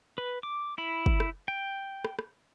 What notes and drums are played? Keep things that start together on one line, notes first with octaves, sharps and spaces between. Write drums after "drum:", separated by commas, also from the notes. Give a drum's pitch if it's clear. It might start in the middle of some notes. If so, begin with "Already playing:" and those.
B4
D6
E4 B5
drum: kick
drum: rim click
G5
drum: rim click
drum: rim click